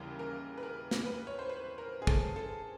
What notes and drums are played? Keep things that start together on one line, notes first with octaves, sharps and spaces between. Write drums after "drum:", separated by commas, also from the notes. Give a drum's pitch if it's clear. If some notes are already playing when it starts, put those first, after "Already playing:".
Already playing: D#2 C#3 E3 G3 A#4
A#4
B4
A#4
drum: snare
B4
C#5
C5
B4
A#4
G#4
A4, drum: kick
A4